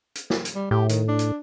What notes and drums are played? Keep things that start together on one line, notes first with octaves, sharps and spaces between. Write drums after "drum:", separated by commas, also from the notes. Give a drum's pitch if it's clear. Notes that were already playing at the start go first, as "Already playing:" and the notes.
drum: hi-hat
drum: snare
drum: hi-hat
G3
A2 G4
D#3, drum: hi-hat
D4
drum: hi-hat